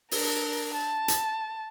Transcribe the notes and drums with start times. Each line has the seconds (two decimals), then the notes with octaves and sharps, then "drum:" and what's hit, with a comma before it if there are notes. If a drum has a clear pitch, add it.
0.11 D4 A#4, drum: open hi-hat
0.74 A5
1.08 drum: hi-hat